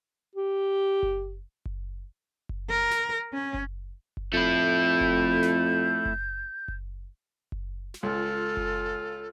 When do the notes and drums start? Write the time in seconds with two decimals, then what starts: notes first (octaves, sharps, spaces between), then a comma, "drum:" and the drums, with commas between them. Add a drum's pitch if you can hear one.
0.36 G4
1.03 drum: kick F#1
1.66 drum: kick F#1
2.49 drum: kick F#1
2.69 A#4
2.91 drum: snare
3.33 C#4
3.54 drum: kick F#1
4.17 drum: kick F#1
4.33 F2 A3 E4 G6
5.01 drum: kick F#1
5.43 drum: snare
6.05 drum: kick F#1
6.68 drum: kick F#1
7.52 drum: kick F#1
7.94 drum: snare
8.03 C#2 F4 A4
8.57 drum: kick F#1